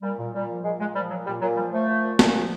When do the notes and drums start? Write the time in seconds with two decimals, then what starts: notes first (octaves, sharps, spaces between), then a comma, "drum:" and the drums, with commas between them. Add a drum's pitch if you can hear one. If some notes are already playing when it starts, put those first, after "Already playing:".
0.02 A#2 G3
0.19 A#2
0.33 A#2 G3
0.49 F3
0.64 A#2 G#3
0.80 A#2 G#3
0.95 F3 G3
1.11 A#2 F#3
1.26 A#2 G3
1.42 A#2 F#3
1.56 F3 G3
1.72 F3 A3
1.88 F3
2.03 A#2
2.19 A#2, drum: snare
2.34 F3